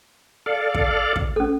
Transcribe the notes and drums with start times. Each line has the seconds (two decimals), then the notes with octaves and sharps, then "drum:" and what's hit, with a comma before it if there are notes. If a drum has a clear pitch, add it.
0.46 A4 D5 F5
0.74 drum: kick
1.16 drum: kick
1.36 C#4 A4